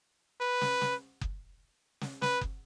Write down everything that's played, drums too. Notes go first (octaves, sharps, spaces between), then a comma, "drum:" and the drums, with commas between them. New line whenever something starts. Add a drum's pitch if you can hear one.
B4
drum: snare
drum: snare
drum: kick F#1
drum: snare
B4, drum: snare
drum: kick F#1